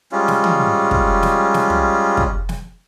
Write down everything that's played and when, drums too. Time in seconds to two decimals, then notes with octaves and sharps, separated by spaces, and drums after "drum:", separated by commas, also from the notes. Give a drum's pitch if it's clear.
0.12 G3 G#3 C#4 F4
0.28 drum: snare
0.44 drum: tom
0.91 drum: kick
1.23 drum: snare
1.54 drum: snare
1.70 drum: tom
2.17 drum: kick
2.49 drum: snare